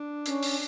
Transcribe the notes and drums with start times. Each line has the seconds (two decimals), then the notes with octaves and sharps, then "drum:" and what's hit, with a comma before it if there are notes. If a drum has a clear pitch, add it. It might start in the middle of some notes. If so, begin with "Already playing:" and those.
Already playing: D4
0.26 C#4, drum: hi-hat
0.43 drum: open hi-hat